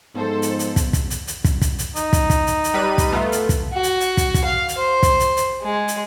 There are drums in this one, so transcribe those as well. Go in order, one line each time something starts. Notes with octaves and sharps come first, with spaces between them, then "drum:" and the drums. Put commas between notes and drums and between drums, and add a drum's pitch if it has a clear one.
G#2 F3 B3 A4 C5
drum: hi-hat
drum: hi-hat
drum: kick, hi-hat
drum: kick, hi-hat
drum: hi-hat
drum: hi-hat
drum: kick, hi-hat
drum: kick, hi-hat
drum: hi-hat
D#4, drum: hi-hat
drum: kick, hi-hat
drum: kick, hi-hat
drum: hi-hat
drum: hi-hat
G3 B4 D#7
drum: kick, hi-hat
A3 B3 F4
drum: hi-hat
drum: kick, hi-hat
F#4
drum: hi-hat
drum: hi-hat
drum: kick, hi-hat
drum: kick, hi-hat
F5
drum: hi-hat
C5
drum: kick, hi-hat
drum: hi-hat
drum: hi-hat
G#3
drum: hi-hat